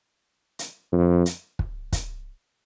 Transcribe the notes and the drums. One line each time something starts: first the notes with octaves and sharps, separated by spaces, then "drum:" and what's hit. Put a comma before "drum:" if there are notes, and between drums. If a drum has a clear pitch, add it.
drum: hi-hat
F2
drum: hi-hat
drum: kick
drum: kick, hi-hat